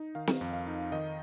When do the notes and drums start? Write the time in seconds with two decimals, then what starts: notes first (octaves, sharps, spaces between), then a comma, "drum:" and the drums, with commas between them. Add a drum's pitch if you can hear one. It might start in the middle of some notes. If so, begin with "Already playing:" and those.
Already playing: D#4
0.15 D#3 F5
0.27 drum: snare
0.41 F2
0.53 F5
0.67 D#4
0.92 D#3 D#5